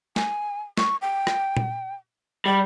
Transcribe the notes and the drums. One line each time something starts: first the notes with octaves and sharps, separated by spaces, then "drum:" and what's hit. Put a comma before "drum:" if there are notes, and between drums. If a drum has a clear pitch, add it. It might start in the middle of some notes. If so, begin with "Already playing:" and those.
G#5, drum: snare
C#6, drum: snare
G5
drum: rim click
drum: tom A#2
G3 G5